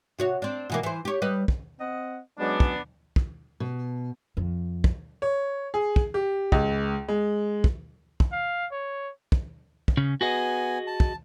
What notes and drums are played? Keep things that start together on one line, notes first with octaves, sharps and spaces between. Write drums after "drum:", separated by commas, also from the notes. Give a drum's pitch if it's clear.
C3 F#4 C#5
C4 D4
B2 E3 A#3
E3 C5
G4 C#5
G3 B4 D#5
drum: kick
C4 D#5 F#5
F#3 G#3 B3 C#4 D4
drum: kick
drum: kick
B2
F2
drum: kick
C#5
G#4
drum: kick
G4
C#2, drum: kick
G#3
drum: kick
drum: kick
F5
C#5
drum: kick
drum: kick
C#3 C#4
B3 F#4 G#4 D#5 G#5
A5
drum: kick